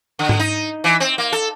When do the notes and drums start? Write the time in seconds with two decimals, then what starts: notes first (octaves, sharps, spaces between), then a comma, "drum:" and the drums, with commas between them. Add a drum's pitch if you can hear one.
0.19 D3
0.29 drum: tom G#2
0.39 D#4
0.84 E3
1.00 C4
1.18 A#3
1.32 A4